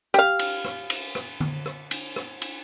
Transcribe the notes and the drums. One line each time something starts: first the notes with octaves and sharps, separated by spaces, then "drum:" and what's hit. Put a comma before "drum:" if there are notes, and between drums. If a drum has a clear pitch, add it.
G4 F5, drum: rim click
drum: cymbal
drum: rim click
drum: cymbal
drum: rim click
drum: tom D3
drum: rim click
drum: cymbal
drum: rim click
drum: cymbal